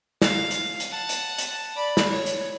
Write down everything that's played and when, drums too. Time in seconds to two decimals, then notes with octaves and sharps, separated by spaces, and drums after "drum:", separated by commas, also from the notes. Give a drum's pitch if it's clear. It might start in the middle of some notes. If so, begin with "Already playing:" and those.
0.22 F5, drum: snare
0.51 drum: hi-hat
0.80 drum: hi-hat
0.91 F#5 A5
1.09 drum: hi-hat
1.38 drum: hi-hat
1.76 D5 B5
1.97 drum: snare
2.09 C#5
2.26 drum: hi-hat